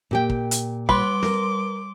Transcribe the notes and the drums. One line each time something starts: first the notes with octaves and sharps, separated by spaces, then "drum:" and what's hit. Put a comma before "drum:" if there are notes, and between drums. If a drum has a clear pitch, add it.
A#2 G4 G5
drum: kick
drum: hi-hat
G3 B4 C6 D6 G7, drum: kick
A#4, drum: snare